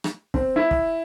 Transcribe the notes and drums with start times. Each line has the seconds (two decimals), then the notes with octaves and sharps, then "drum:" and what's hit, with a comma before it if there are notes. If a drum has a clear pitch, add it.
0.04 drum: rim click
0.34 C4, drum: kick
0.56 E4
0.71 drum: kick